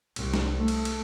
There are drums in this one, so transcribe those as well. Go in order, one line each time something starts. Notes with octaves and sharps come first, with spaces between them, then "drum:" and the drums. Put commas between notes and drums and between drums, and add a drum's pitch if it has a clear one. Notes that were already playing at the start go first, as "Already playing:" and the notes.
C2, drum: cymbal
drum: snare
A3
drum: cymbal
drum: cymbal